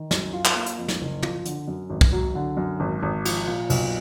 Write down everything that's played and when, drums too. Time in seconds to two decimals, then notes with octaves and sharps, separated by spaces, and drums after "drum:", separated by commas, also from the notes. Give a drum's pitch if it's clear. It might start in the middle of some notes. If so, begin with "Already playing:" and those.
Already playing: D#3
0.11 F#2, drum: snare
0.33 F4
0.45 drum: clap
0.56 A#3
0.66 drum: hi-hat
0.78 F2
0.88 drum: snare
1.01 F#1
1.23 F3, drum: tom
1.45 D3, drum: hi-hat
1.68 F#2
1.90 G#1
2.01 drum: kick
2.12 F#3
2.35 D3
2.57 F#2
2.80 G#1
3.03 G#1
3.25 F3, drum: cymbal
3.47 A#2
3.70 B1, drum: cymbal